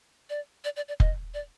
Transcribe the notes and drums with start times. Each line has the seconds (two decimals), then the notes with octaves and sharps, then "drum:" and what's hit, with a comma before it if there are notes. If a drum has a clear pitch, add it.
0.30 D5
0.64 D5
0.76 D5
0.88 D5
1.00 D#5, drum: kick F1
1.34 D5